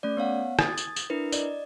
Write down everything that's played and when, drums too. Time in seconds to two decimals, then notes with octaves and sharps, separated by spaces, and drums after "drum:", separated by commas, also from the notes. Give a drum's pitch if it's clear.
0.03 A3 C#4 D5
0.17 B3 C#5 F5 F#5
0.59 D#6 G#6 A6, drum: rim click
0.78 drum: tambourine
0.96 drum: tambourine
1.10 D4 E4 A#4 B4
1.32 D5 D#5, drum: tambourine